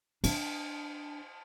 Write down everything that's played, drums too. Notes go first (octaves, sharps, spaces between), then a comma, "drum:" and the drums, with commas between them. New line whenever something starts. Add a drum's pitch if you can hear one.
D4, drum: cymbal